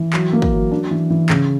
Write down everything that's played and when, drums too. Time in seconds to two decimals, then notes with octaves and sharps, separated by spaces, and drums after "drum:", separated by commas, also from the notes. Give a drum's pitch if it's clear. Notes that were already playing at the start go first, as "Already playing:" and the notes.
Already playing: E3
0.13 F#3, drum: clap
0.33 A#3
0.42 drum: kick
0.53 F#3
0.71 D4
0.91 E3
1.10 E3
1.30 C#3, drum: clap